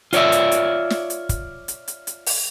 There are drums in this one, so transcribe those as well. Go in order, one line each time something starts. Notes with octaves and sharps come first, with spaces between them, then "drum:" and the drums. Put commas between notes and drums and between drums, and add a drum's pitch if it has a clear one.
F4 C#5 D5 E5, drum: hi-hat
drum: hi-hat
drum: hi-hat
drum: snare
drum: hi-hat
drum: kick, hi-hat
drum: hi-hat
drum: hi-hat
drum: hi-hat
drum: open hi-hat